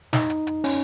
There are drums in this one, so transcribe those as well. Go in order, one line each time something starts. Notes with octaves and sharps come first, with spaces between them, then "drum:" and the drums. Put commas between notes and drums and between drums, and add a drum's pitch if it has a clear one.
D#4, drum: snare
drum: hi-hat
drum: hi-hat
C#4, drum: open hi-hat